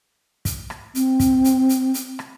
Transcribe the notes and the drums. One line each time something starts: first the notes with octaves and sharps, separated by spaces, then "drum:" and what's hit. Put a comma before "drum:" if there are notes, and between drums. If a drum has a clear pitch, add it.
drum: kick, hi-hat
drum: rim click
C4, drum: hi-hat
drum: kick, hi-hat
drum: hi-hat
drum: hi-hat
drum: hi-hat
drum: rim click